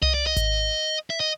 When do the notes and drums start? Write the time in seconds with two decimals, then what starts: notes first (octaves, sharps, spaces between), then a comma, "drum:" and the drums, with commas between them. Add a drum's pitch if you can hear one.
0.02 D#5, drum: tom C2
0.14 D5
0.27 D#5
0.37 drum: kick G#1, hi-hat
1.10 E5
1.20 D#5